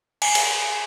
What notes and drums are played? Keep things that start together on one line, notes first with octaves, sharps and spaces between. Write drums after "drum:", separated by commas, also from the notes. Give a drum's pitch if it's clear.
G#5 C7, drum: cymbal
drum: cymbal